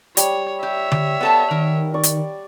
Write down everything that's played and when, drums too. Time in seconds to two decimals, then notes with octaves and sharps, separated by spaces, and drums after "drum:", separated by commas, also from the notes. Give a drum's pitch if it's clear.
0.17 G3 C#5, drum: hi-hat
0.63 G4 C#5 E5
0.92 drum: tom D3
1.21 B3 A4 A5
1.51 D#3 A#4
1.94 D5 C#6
2.03 drum: hi-hat